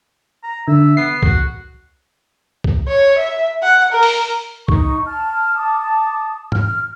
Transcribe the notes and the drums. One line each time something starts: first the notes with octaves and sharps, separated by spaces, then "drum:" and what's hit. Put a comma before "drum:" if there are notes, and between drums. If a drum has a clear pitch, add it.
A#5
D3 E5
B3 C7
F#4, drum: kick C2
drum: kick C2
C#5
E5
F#5
A#4
drum: open hi-hat
D#4 C#6, drum: kick C2
A5 F6
A5 D6 D#6
F6, drum: tom